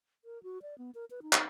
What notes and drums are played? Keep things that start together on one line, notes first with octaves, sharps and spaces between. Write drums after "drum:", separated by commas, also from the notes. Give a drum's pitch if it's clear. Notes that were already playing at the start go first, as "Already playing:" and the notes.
A#4
F#4
D5
B3
A#4
B4
D#4
drum: clap